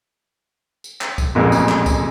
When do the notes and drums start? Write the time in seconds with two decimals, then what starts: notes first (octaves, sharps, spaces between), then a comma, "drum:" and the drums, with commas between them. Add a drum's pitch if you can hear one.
0.84 drum: tambourine
1.01 drum: clap
1.18 drum: kick C#2, tambourine
1.35 A1 F2 A#2 G#3
1.52 drum: tambourine
1.69 drum: clap
1.86 drum: kick C#2, tambourine